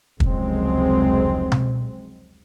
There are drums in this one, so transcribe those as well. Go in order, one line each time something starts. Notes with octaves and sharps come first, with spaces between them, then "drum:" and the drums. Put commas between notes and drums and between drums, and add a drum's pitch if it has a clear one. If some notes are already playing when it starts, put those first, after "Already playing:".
F1 C#2 F#3 G#3 C4, drum: kick
drum: tom B2